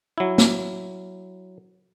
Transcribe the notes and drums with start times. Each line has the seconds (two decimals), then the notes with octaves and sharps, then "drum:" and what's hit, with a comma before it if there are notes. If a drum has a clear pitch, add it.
0.18 F#3 E4
0.38 drum: snare